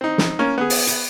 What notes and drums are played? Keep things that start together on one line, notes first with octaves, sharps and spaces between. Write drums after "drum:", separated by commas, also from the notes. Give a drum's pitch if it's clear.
C4 D#4
drum: snare
A#3 C#4
B3 G#4
drum: open hi-hat
drum: hi-hat